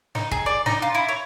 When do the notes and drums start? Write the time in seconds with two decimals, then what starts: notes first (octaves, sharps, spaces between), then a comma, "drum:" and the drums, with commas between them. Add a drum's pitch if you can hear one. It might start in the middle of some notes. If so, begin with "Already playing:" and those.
0.15 D#4, drum: snare
0.31 G#4, drum: kick
0.46 D5
0.66 D#4, drum: snare
0.82 F4
0.95 E4
1.09 C#5